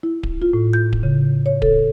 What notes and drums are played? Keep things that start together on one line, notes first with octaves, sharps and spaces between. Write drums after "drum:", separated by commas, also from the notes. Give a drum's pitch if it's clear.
E4
drum: kick D1
F4
A2
G6
drum: kick D1
C#3
C#5
A4, drum: kick D1